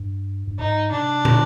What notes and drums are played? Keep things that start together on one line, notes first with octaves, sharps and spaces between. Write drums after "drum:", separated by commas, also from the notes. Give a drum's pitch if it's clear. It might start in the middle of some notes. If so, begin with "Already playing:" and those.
Already playing: G2
G2
G#2 D#4
C3 D4
D3, drum: tom